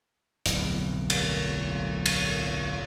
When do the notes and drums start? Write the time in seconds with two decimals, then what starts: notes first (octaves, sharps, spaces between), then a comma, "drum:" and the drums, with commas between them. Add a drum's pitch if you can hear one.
0.46 D1 B1 F2, drum: hi-hat
1.10 drum: cymbal
2.06 drum: cymbal